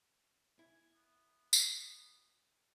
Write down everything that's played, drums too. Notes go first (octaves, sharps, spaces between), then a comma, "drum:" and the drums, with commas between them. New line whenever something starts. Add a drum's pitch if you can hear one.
E4 G#5
B3
drum: tambourine